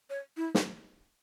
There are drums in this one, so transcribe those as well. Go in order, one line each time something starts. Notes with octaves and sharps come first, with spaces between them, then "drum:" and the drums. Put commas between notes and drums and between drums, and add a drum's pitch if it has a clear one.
C#5
E4
drum: snare